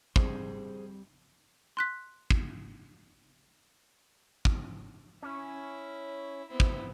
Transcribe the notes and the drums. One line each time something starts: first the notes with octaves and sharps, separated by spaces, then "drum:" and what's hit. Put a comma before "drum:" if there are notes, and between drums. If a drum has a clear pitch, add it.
G3 G#3 C4 G#4 C5, drum: kick
C6 F#6 B6
drum: kick
drum: kick
C#4 E4
B3 C4 E4
drum: kick